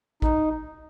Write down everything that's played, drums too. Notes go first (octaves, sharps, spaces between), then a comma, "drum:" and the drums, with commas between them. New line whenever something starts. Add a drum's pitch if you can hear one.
D#4, drum: kick A1